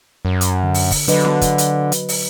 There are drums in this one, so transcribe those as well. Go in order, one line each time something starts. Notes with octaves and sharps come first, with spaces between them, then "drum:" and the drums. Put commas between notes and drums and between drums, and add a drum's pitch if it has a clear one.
F#2
drum: hi-hat
D3
drum: open hi-hat
drum: kick, open hi-hat
D3 F#3 B4 D#5, drum: hi-hat
drum: snare B3
drum: kick, hi-hat
drum: hi-hat
drum: hi-hat
drum: open hi-hat